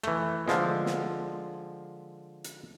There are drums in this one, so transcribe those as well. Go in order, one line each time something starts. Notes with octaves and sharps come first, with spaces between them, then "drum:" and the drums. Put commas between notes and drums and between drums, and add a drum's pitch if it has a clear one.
E3 A3, drum: rim click
D3 F3 G#3, drum: snare
drum: snare
drum: hi-hat